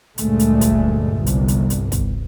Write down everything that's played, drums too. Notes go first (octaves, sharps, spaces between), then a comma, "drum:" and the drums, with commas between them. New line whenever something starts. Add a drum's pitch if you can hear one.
D2 G2 A#2 G#3 A3, drum: hi-hat
drum: hi-hat
drum: kick, hi-hat
G1 C2
drum: hi-hat
drum: hi-hat
drum: hi-hat
drum: kick, hi-hat